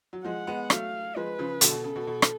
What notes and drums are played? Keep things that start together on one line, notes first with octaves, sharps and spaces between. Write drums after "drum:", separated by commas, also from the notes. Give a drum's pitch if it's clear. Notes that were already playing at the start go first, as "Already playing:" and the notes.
F#3
F3 G#3 F#5
G#3 B3
F#3 A3 F5, drum: rim click
F3 G#3 B4
C#3 F3
B2 D3 A4, drum: hi-hat
B2
C#3
B2
B2
drum: rim click